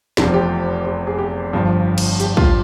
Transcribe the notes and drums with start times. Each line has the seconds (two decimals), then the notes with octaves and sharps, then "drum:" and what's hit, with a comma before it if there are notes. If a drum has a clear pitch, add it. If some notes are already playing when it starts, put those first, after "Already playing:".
0.17 F1 E2 C3 F3 C4, drum: snare
0.34 G4
0.86 G4
1.07 G#4
1.18 G4
1.53 G1 G2 F3
1.98 drum: cymbal
2.20 G4, drum: hi-hat
2.37 F4, drum: kick